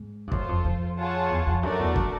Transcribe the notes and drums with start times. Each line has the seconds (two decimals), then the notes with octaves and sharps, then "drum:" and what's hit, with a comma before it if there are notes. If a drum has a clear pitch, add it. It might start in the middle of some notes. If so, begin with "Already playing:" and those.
Already playing: G#2
0.27 G2
0.32 F#2 F4 A4 C5, drum: kick
0.49 F2
0.64 F2
0.98 F4 G#4 C#5 F#5 A5
1.30 E2
1.46 F2
1.63 F#2 A3 D4 F#4 A#4 D5
1.79 E2
1.96 drum: kick